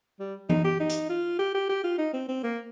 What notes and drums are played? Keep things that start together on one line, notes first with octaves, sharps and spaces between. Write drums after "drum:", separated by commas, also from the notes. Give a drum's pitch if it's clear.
G3
D#4, drum: tom E3
G4
D#4
drum: hi-hat
F4
G4
G4
G4
F4
D#4
C4
C4
A#3